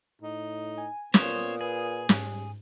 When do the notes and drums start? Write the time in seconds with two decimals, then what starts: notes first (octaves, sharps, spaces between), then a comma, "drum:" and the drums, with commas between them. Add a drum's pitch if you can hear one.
0.21 A2 D#4
0.78 G#5
1.14 A#2 B3 C5 C#5 D#6, drum: snare
1.61 G#4 B4
2.09 G#2 G3, drum: snare